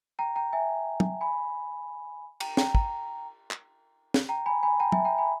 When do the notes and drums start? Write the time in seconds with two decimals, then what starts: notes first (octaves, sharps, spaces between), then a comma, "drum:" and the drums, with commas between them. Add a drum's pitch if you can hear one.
0.19 G5 A#5
0.36 G5 A#5
0.53 E5 G#5
1.00 drum: tom
1.21 G#5 B5
2.40 G5 A#5, drum: cymbal
2.57 G5 A#5, drum: snare
2.75 G5 A#5, drum: kick
3.51 drum: clap
4.14 drum: snare
4.29 G5 A#5
4.46 G#5 B5
4.63 G#5 B5
4.80 G5 A#5
4.92 E5 G#5, drum: tom
5.05 G5 A#5
5.18 G#5 B5